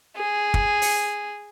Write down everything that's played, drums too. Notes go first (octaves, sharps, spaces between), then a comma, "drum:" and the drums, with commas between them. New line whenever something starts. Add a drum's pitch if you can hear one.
G#4
drum: kick
drum: open hi-hat